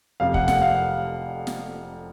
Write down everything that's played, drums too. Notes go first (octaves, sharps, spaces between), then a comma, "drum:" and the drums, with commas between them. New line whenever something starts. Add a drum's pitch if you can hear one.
F1 F2 C3 F5
F#5, drum: kick
F#5, drum: snare
F5
drum: snare